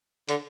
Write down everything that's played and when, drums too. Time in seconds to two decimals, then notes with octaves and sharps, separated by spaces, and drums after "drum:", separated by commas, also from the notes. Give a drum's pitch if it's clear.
0.29 D3, drum: hi-hat